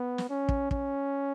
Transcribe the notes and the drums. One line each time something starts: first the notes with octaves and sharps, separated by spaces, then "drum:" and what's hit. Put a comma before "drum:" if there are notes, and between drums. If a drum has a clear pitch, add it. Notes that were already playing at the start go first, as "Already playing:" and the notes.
Already playing: B3
drum: snare
C#4
drum: kick
C#4, drum: kick